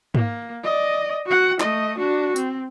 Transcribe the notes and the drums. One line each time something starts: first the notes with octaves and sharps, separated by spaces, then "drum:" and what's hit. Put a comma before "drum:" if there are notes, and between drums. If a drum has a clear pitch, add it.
A#3, drum: tom G#2
D5 D#5
F#4 F#5
A3 D#5, drum: clap
D4 F#4
C4, drum: tambourine